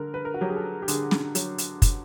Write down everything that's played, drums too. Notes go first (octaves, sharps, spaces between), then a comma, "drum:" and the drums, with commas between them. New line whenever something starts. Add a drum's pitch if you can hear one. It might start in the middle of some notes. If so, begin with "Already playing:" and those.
Already playing: D3 A#4
B4
A#4
F#4
F#3 G4
G#4
A4
G4
D3 G#4, drum: hi-hat
drum: snare
F#3, drum: hi-hat
drum: hi-hat
drum: kick, hi-hat